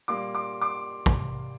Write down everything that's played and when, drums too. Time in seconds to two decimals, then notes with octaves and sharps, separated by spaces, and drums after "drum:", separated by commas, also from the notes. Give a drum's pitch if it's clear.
0.08 A#2 G3 A#3 C6 D6
0.35 C6 D6
0.62 C6 D6
1.06 drum: kick